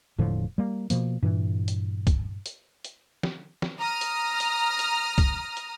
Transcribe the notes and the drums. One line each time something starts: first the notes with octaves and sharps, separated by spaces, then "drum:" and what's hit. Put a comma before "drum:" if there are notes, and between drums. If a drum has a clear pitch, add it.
E1 A2 D3 F3
G3 A#3
B2 F3 A#3, drum: hi-hat
G2 A#2 E3
drum: hi-hat
drum: kick, hi-hat
drum: hi-hat
drum: hi-hat
drum: snare
drum: snare
A#5 D#6 F6
drum: hi-hat
drum: hi-hat
drum: hi-hat
drum: kick, hi-hat
drum: hi-hat